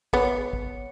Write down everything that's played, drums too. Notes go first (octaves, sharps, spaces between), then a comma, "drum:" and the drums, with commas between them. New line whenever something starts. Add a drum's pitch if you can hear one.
B3 C#5, drum: kick
C#5
drum: kick